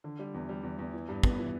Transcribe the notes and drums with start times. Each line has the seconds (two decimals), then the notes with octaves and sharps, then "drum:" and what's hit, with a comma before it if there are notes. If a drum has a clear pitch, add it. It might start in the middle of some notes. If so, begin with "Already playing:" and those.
0.04 D3
0.19 G3
0.34 E2
0.49 G3
0.63 E2
0.79 E2
0.94 E3
1.08 G2
1.23 B3, drum: kick
1.39 E3